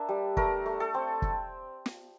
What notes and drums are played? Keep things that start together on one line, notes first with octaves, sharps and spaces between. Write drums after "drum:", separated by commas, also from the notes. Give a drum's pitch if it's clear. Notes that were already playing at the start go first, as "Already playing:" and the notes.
Already playing: A#3 D4 E5
G3
A3 A#4, drum: kick
A3
A4
C4
drum: kick
drum: snare